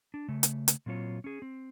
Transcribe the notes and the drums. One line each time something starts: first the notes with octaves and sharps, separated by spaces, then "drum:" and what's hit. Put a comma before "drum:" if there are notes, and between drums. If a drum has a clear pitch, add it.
D4
C#3 A3
drum: hi-hat
drum: hi-hat
A#2 F#3 C4 F4 C#5
C#4 G#4
C4